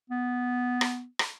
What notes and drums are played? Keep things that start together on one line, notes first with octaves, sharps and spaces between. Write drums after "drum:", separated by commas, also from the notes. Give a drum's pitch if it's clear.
B3
drum: rim click
drum: rim click